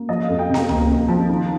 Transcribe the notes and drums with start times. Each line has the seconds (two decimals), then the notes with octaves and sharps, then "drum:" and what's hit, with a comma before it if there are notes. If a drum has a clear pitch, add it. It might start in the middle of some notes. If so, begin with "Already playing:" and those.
Already playing: A#3
0.09 F3 D#5
0.23 F5
0.29 F2
0.39 G5
0.49 C3
0.54 A#5, drum: snare B3
0.69 A#3, drum: tom C#2
0.89 C3
1.08 F3
1.29 D#3